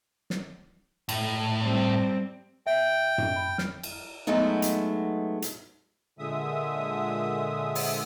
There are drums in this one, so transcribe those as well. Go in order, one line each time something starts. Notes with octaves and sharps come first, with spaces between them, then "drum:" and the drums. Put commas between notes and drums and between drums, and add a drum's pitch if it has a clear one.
drum: snare
A2, drum: cymbal
G3 C4
E5 G5
drum: tom F#2
B5
F6, drum: snare
drum: cymbal
F#3 G#3 A3 B3 D#4
drum: hi-hat
drum: hi-hat
A#2 D3 G#3 E5 D#6
drum: open hi-hat